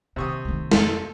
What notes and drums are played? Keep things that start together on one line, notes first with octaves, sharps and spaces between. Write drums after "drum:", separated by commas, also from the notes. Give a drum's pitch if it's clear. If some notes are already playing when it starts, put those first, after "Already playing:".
C3 D#3 C#6 D#6
D#3 A3
F2 A4, drum: snare